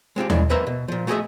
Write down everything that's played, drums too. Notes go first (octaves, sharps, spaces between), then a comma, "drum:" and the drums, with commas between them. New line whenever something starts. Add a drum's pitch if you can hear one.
G#3 C4 F4 G4
C#3 E3 G#3 A3 D4, drum: tom D#2
F2 A#3 B4 C5 E5 A#5
B2
A#2 F3
A3 F#4 G#4 A#4 D#5 E5